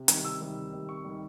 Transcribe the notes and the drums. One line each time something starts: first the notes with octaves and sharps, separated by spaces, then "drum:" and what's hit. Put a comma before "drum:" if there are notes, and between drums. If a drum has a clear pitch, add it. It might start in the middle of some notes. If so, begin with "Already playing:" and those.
Already playing: C3
D#3 G3, drum: hi-hat
C3 E6
D#3 G3
C3
D#3 G3
C3 C#6
D#3 G3